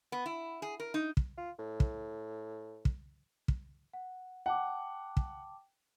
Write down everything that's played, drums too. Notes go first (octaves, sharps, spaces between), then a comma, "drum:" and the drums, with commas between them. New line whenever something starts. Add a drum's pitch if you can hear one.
B3
E4
G#4
A#4
D#4
drum: kick
F4
A2
drum: kick
drum: kick
drum: kick
F#5
F#5 G5 A5 D6
drum: kick